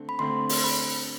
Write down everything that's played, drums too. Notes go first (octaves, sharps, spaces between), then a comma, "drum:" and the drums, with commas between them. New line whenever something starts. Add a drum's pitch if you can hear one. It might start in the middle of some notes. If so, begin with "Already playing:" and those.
Already playing: D3 A3 C4
B5
D3 A3 C4 C6
drum: open hi-hat
B5